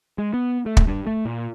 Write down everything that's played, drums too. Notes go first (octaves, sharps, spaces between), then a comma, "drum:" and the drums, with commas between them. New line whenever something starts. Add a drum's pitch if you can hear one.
G#3
B3
A3
drum: kick
G2
A3
A#2